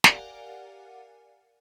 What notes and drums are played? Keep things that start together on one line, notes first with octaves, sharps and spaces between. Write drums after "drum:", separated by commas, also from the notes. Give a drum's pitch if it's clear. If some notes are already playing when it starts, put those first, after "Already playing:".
G4 A#4 D5 F5 F#5 G#5, drum: snare